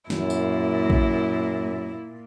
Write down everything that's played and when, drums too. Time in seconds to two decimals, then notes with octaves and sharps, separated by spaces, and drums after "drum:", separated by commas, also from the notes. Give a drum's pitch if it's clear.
0.10 F#2 A#2 E4, drum: snare
0.30 drum: tambourine
0.90 drum: kick